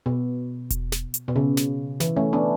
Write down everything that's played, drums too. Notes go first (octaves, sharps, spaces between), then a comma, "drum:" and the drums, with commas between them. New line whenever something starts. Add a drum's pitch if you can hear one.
B2
drum: kick E1, hi-hat
drum: snare
drum: hi-hat
B2
C#3
drum: snare
E3, drum: snare
A3 C#4
B3 D4